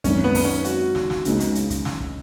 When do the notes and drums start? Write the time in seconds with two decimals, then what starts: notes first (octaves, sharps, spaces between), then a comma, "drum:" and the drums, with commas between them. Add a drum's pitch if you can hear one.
0.04 G#1 F#2 D#3 C#4, drum: kick, hi-hat
0.24 B3
0.35 drum: kick, open hi-hat
0.45 C#4
0.65 F#4, drum: hi-hat
0.95 drum: snare
1.10 drum: snare
1.25 C#2 C#3 G#3 B3 D#4, drum: hi-hat
1.40 drum: hi-hat
1.55 drum: hi-hat
1.70 drum: kick, hi-hat
1.85 drum: snare
2.00 drum: kick